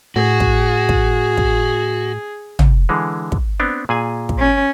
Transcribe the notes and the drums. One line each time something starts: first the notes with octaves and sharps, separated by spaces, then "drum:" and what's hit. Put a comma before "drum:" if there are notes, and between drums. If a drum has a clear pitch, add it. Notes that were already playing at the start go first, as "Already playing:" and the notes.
A2 F#4 G#4
drum: kick
drum: kick
drum: kick
drum: tom
D3 E3 G#3
drum: kick
B3 C4 D4
A#2 G#4 G#5
drum: kick
C#4